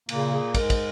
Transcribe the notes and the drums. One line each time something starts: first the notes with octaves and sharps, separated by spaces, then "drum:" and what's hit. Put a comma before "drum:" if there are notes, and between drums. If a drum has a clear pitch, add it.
A#2 C#3 A#3, drum: cymbal
G#4
G#2 G#3 A#4, drum: kick, cymbal
drum: kick, cymbal